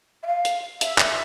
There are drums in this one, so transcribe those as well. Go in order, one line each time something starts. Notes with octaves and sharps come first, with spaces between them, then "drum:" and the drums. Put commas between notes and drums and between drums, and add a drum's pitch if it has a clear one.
E5
F5
drum: hi-hat
E5, drum: hi-hat
drum: clap